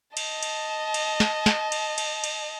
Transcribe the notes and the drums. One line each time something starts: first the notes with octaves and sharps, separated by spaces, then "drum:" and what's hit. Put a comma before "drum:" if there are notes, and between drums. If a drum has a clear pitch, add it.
D#5 A5, drum: cymbal
drum: cymbal
drum: cymbal
drum: snare
drum: snare
drum: cymbal
drum: cymbal
drum: cymbal